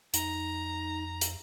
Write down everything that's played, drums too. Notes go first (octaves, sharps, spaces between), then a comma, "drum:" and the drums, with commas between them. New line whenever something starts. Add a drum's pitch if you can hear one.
F2 D#4 A#5, drum: hi-hat
drum: hi-hat